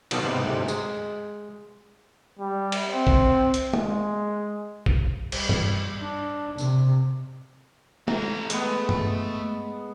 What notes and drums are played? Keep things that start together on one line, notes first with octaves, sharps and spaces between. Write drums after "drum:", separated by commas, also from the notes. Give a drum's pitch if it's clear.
B2 D3 F#3 G3 D#4 F4, drum: cymbal
G#2 C3 B3 G4
D2 G#2 C3
G#3, drum: tambourine
G3
drum: cymbal
C4
drum: kick
drum: hi-hat
G#3, drum: tom
drum: kick
G3, drum: cymbal
drum: tom G2
D4
C3, drum: tambourine
A3 A#5, drum: tom
G#3 B3, drum: hi-hat
drum: tom G2